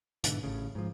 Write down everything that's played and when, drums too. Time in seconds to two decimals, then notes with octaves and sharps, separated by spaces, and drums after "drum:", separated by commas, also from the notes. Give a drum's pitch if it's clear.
0.24 G#2 B2 D3 E3, drum: hi-hat
0.43 A1 A2 C#3
0.75 G#2 F3